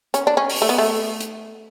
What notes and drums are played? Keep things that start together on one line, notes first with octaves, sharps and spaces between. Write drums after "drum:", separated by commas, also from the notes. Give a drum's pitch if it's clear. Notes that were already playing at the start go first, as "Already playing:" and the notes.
C#4, drum: hi-hat
D4
C#4
drum: open hi-hat
A3
B3
A3
drum: hi-hat